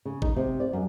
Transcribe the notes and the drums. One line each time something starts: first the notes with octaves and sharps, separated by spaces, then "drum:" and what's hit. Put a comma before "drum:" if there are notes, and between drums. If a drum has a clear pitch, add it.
C#3
D#4, drum: kick G1
C3
D5
F#2